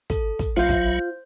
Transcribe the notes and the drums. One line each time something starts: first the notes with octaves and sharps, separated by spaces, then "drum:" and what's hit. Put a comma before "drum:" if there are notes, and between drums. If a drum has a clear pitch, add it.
A4, drum: kick, hi-hat
drum: kick, hi-hat
B1 F#3 F4 C5 E5 F5 G6
drum: kick, hi-hat